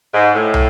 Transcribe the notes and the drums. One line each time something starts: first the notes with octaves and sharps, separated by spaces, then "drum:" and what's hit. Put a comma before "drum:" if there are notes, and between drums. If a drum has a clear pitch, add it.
G#2
A2
drum: tom